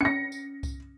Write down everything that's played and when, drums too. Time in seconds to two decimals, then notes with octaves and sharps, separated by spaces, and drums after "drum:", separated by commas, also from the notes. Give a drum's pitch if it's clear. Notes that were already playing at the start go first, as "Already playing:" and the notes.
0.01 C#4 A#6 C#7
0.32 drum: tambourine
0.63 drum: kick C2, tambourine